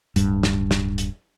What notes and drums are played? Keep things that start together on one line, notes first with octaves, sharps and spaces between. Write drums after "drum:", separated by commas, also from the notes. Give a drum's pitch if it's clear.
D1 G2, drum: hi-hat
drum: snare
drum: snare
drum: hi-hat